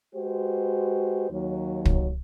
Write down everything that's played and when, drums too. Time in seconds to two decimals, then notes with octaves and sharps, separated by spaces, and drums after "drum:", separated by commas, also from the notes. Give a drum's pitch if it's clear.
0.15 G#3 F#4 G4 B4 C5
1.30 D#2 F#3
1.85 drum: kick